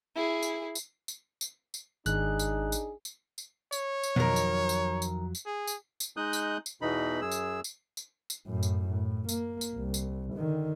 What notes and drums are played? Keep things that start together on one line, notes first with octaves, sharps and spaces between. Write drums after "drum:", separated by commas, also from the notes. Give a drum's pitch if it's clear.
E4 G#4
drum: tambourine
drum: tambourine
drum: tambourine
drum: tambourine
drum: tambourine
G#1 D4 D#4 G#4 F#6, drum: tambourine
drum: tambourine
drum: tambourine
drum: tambourine
drum: tambourine
C#5, drum: tambourine
drum: tambourine
F2 B2 D#3 F#3 A#4
drum: tambourine
drum: tambourine
drum: tambourine
drum: tambourine
G#4
drum: tambourine
drum: tambourine
G#3 D#4 D#6 F#6 G6
drum: tambourine
drum: tambourine
E2 B2 E3 D#4 B5
F#2 G#4 E6
drum: tambourine
drum: tambourine
drum: tambourine
drum: tambourine
F#2 A2
drum: tambourine
A2
A#3, drum: tambourine
drum: tambourine
C2
drum: tambourine
D3 D#3